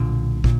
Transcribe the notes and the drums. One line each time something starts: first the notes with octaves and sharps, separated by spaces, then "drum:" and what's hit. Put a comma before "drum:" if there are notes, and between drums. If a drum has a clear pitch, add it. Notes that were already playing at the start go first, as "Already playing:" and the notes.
Already playing: B1 A#2 D3
A#2, drum: kick